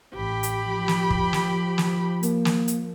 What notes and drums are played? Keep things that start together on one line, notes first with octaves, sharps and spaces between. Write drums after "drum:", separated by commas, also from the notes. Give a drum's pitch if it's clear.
A1 G4 B5
drum: hi-hat
F3
drum: snare
drum: kick
drum: snare
drum: snare
A#3, drum: hi-hat
drum: snare
drum: hi-hat